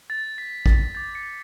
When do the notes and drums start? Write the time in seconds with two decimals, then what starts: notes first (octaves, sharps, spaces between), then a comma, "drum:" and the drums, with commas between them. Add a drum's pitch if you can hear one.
0.10 A6
0.38 B6
0.66 A6, drum: kick
0.95 D6 G6 A6
1.15 A6 C#7